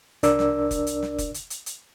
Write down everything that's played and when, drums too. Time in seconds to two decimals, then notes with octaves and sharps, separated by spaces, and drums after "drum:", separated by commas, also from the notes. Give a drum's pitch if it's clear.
0.23 C2 D4 A#4 D5 E6, drum: hi-hat
0.39 drum: snare
0.71 drum: kick F1, hi-hat
0.87 drum: hi-hat
1.03 drum: snare
1.18 drum: kick F1, hi-hat
1.34 drum: hi-hat
1.50 drum: hi-hat
1.66 drum: hi-hat